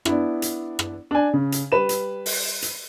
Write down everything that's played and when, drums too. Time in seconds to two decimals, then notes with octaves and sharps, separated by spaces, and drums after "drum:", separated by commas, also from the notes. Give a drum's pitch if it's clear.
0.05 B3 D4 E4, drum: rim click
0.42 drum: hi-hat
0.79 drum: rim click
1.11 D4 G#5
1.33 C#3
1.52 drum: hi-hat
1.72 G3 B4 E7
1.89 drum: hi-hat
2.26 drum: open hi-hat
2.62 drum: hi-hat